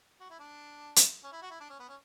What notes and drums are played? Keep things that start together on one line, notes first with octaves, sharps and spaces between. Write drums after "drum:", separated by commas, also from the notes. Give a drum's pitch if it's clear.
F#4
E4
D4
drum: hi-hat
C#4
E4
F#4
E4
D4
C#4
B3
C#4